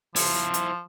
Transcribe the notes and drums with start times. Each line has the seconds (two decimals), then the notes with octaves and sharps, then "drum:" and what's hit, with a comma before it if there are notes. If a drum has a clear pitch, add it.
0.16 F3 E4 C5, drum: open hi-hat
0.54 drum: hi-hat